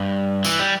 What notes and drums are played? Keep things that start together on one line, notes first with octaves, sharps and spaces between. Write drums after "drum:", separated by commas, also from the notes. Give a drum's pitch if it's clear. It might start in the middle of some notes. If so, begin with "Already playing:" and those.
Already playing: G2
E3, drum: tambourine
G3